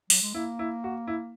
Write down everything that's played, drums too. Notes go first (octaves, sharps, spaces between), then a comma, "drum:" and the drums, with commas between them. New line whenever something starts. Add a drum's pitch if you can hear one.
F#3, drum: open hi-hat
G#3
A#3 E4
E4
F#4
E4